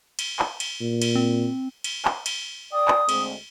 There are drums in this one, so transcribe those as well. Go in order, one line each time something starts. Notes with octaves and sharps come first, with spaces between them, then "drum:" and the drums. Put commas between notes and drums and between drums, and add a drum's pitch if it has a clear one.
drum: cymbal
drum: clap
drum: cymbal
A#2
drum: cymbal
C4
drum: cymbal
drum: clap
drum: cymbal
D5 G5 D#6
drum: clap
D2 G#3 C4, drum: cymbal